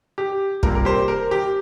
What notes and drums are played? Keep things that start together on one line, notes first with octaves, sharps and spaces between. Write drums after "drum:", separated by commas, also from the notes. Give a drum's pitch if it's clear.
G4
C3 G3 A#3 F4 A#4, drum: kick
A#4
G4 C5
A#4
G4